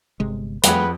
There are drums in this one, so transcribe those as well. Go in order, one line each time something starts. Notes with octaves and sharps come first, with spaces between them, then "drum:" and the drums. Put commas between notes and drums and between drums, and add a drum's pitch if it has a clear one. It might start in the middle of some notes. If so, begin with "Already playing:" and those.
G1 C3 G#3
F2 G3 A3 G4 G#4 B4 F#5, drum: hi-hat